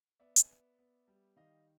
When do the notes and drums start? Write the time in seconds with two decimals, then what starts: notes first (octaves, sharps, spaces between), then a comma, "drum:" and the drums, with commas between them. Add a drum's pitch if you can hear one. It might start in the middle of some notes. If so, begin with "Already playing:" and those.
0.20 B3 D5 E5
0.36 drum: hi-hat
0.50 B3
0.79 B3
1.08 G3
1.36 D#3 D#5 F5